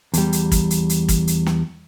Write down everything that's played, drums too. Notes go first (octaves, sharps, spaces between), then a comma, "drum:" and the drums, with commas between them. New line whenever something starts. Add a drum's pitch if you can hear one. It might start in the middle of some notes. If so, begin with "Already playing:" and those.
E2 G3, drum: hi-hat
drum: hi-hat
drum: kick, hi-hat
drum: hi-hat
drum: hi-hat
drum: kick, hi-hat
drum: hi-hat
drum: snare